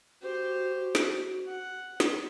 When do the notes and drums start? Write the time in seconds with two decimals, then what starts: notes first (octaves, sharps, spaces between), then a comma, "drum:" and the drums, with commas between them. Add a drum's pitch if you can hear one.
0.22 F#4 G4 C5
0.95 drum: snare
1.47 F#5
2.00 drum: snare